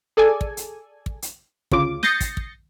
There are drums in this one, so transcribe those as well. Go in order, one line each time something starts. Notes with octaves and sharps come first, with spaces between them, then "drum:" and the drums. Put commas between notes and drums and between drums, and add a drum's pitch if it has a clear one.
G#4 A4 D5 G#5
drum: kick
drum: hi-hat
drum: kick
drum: hi-hat
D2 C#3 F4 D6, drum: kick
D#6 G6 A6 A#6 C7 C#7, drum: snare
drum: kick, hi-hat
drum: kick